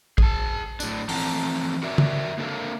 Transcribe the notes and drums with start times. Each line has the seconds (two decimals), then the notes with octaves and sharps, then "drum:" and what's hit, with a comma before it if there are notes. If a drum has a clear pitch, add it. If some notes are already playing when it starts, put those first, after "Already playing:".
0.18 G#4 A5, drum: kick
0.80 A2 D4, drum: tambourine
1.09 E3 F3 A3 C4 A5 A#5, drum: open hi-hat
1.83 F#4 A#4 D5 E5
1.98 drum: tom C#3
2.38 A#3 D4 A4 A#4 F5